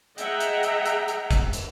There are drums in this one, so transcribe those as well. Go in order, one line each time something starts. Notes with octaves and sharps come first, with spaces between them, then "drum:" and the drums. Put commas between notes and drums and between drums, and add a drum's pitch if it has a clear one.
G#4 D#5 E5 F#5 G5 A#5, drum: hi-hat
drum: hi-hat
drum: hi-hat
drum: hi-hat
drum: hi-hat
drum: kick, hi-hat
drum: hi-hat